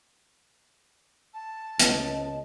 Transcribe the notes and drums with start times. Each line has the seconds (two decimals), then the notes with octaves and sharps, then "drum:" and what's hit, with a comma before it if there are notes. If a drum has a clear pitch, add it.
1.34 A5
1.79 C#2 D#5, drum: hi-hat